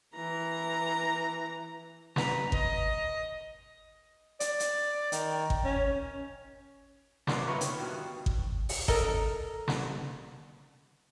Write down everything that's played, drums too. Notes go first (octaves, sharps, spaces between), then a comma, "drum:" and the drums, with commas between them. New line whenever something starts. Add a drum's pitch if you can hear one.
E3 A#5
B4 A#5, drum: snare
D#5, drum: kick G#1
D5, drum: hi-hat
drum: hi-hat
D#3, drum: hi-hat
drum: kick G#1
C#4
G#1 A#3 B3 C#5 D5 C6, drum: snare
E4 F4 B4 C#5 A#5 C#6
D#3, drum: hi-hat
G2 B2 D#3
drum: kick G#1
drum: open hi-hat
A4 A#4 D#5, drum: kick G#1
drum: snare